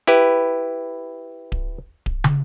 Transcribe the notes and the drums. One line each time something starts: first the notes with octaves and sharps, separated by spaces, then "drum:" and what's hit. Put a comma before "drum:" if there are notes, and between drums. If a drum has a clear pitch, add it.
E4 G4 B4
drum: kick D1
drum: kick D1
drum: tom